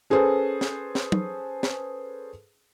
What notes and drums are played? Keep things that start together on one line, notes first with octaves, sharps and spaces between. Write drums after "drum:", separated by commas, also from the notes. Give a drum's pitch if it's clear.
C#4 G#4 A4 B4 C5
drum: snare
drum: snare
drum: tom
drum: snare